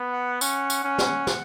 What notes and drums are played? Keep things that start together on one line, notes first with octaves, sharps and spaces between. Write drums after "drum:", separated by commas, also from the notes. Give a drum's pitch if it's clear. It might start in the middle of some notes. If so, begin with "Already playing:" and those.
Already playing: B3
F#5
C#4 F#5, drum: tambourine
drum: tambourine
C#4
drum: snare
drum: snare